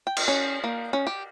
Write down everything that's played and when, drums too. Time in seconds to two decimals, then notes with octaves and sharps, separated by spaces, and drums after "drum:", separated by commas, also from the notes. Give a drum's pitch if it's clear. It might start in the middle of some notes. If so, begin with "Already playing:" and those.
0.07 G5
0.17 drum: cymbal
0.28 C#4
0.64 A#3
0.93 C#4
1.07 G4